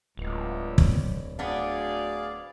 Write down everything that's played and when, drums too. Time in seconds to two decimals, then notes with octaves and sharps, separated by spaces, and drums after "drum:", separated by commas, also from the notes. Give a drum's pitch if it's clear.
0.17 D1 C#2
0.78 drum: kick
1.39 D2 B3 D4 G#4 D5 F5